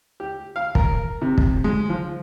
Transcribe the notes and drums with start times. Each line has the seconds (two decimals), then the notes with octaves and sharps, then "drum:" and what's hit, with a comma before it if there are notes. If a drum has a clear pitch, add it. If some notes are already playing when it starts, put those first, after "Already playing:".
0.20 G4
0.56 F5
0.75 A#4, drum: kick
1.22 C3
1.38 drum: kick
1.64 G#3
1.89 F3